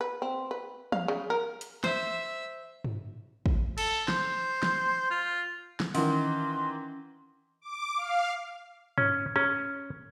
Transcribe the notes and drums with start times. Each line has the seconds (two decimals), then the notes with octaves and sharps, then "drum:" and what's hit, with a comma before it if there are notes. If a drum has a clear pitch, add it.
0.01 B4
0.22 C4
0.51 B4
0.92 F5, drum: tom E3
1.08 C#3
1.30 A#4
1.61 drum: hi-hat
1.84 C5 E5, drum: snare
2.84 drum: tom G2
3.46 drum: kick
3.78 A4, drum: cymbal
4.08 C5, drum: snare
4.63 drum: snare
5.10 F4
5.80 drum: snare
5.95 D#3 E3 C#4 C6, drum: open hi-hat
7.61 D6
7.97 F5
8.98 C#4, drum: tom G2
9.36 C#4, drum: rim click